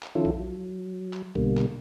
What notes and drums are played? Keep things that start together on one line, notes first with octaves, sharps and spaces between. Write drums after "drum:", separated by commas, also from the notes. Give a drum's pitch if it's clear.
drum: clap
D#3 F3 C#4 E4 F4 A4
drum: kick A#1
F#3
drum: clap
B2 D3 G3 A#3, drum: kick A#1
drum: clap